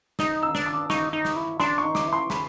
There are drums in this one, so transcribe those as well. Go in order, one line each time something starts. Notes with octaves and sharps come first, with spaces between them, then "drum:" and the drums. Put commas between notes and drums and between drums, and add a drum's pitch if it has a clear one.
D#4 D#6, drum: snare
E6
D4, drum: snare
D6
D#4 C#6, drum: snare
D#4
drum: snare
E4
D4 C6, drum: snare
C#6
D#4
D6, drum: snare
E4
C6
G#4 B5, drum: snare